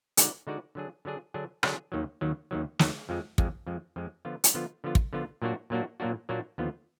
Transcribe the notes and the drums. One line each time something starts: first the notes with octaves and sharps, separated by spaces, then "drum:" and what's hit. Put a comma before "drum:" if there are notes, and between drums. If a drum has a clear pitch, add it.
D3 G#3 D#4 F#4 D5, drum: hi-hat
D3 G#3 D#4 F#4 D5
D3 F#3 D4 G#4
D3 F#3 D4 G#4
D3 F#3 D4 G#4
D3 F#3 D4 G#4, drum: rim click
D#2 D#3 F#3
D#2 D#3 F#3
D#2 D#3 F#3
D#2 D#3 F#3, drum: snare
F2 F3 G#3
F2 F3 G#3, drum: kick
F2 F3 G#3
F2 F3 G#3
D3 F3 B3 F4
drum: hi-hat
D3 F3 B3 F4
D3 F3 B3 F4
drum: kick
D3 F3 B3 F4
A#2 F#3 A#3 D4 F#4
A#2 F#3 A#3 D4 F#4
A#2 F#3 A#3 D4 F#4
A#2 F#3 A#3 D4 F#4
D#2 D3 F3 B3 F4